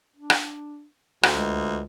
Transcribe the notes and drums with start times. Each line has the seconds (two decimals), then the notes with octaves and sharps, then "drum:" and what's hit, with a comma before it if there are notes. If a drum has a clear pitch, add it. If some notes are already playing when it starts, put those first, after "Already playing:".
0.16 D4
0.30 drum: rim click
1.23 D2 F#4, drum: rim click
1.35 C#2